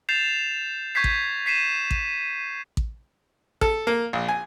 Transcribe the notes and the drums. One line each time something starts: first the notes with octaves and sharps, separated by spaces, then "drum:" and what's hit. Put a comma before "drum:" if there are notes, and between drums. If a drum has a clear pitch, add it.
G6 A6 C7 E7 F7
C#6 G6 G#6 B6 C7
drum: kick A1
B6 C7 D#7 E7
drum: kick A1
drum: kick A1
A4, drum: kick A1
A#3
A#1
G#5